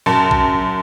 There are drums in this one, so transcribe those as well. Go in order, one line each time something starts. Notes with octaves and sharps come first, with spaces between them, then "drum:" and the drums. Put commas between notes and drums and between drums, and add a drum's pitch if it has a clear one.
F#2 A5, drum: tom A#2
drum: kick